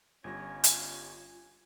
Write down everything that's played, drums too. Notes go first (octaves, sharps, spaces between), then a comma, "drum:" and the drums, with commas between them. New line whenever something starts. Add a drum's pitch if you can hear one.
G1 G3 C#4 F4 C#5 G#5 A#6
drum: hi-hat